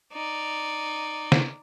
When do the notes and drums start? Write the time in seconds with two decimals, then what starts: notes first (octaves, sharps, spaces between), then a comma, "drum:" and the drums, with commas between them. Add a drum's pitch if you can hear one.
0.13 D#4 D5
1.32 drum: snare